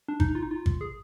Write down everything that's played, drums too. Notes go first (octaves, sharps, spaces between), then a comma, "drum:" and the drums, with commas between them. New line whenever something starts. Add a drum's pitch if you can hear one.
D4
D#4, drum: kick
F4
D#4
F4
drum: kick
G#4